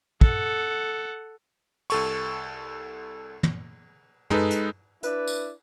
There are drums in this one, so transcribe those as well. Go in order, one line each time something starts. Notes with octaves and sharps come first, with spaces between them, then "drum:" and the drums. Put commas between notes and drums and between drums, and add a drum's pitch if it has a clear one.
A4 F#5, drum: kick
C2 A4 C#6, drum: cymbal
drum: tom
G#3 D#4 A4 B4, drum: tom
drum: hi-hat
D4 E4 B4 D5, drum: hi-hat
drum: tambourine